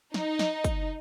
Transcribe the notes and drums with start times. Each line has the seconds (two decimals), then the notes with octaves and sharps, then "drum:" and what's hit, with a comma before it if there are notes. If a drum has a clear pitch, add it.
0.14 D#4, drum: snare
0.39 drum: snare
0.64 drum: kick, hi-hat